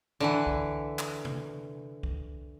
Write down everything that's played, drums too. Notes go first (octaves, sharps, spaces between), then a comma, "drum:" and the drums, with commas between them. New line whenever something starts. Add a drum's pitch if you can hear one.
D3 E3 B4
drum: kick C2
drum: clap
drum: tom C3
drum: kick C2